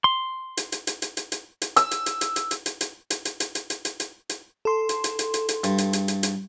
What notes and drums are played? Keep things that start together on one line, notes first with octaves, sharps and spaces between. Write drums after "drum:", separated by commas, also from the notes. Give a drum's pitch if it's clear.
C6
drum: hi-hat
drum: hi-hat
drum: hi-hat
drum: hi-hat
drum: hi-hat
drum: hi-hat
drum: hi-hat
E6, drum: hi-hat
drum: hi-hat
drum: hi-hat
drum: hi-hat
drum: hi-hat
drum: hi-hat
drum: hi-hat
drum: hi-hat
drum: hi-hat
drum: hi-hat
drum: hi-hat
drum: hi-hat
drum: hi-hat
drum: hi-hat
drum: hi-hat
drum: hi-hat
A4 C6
drum: hi-hat
drum: hi-hat
drum: hi-hat
drum: hi-hat
drum: hi-hat
G2, drum: hi-hat
drum: hi-hat
drum: hi-hat
drum: hi-hat
drum: hi-hat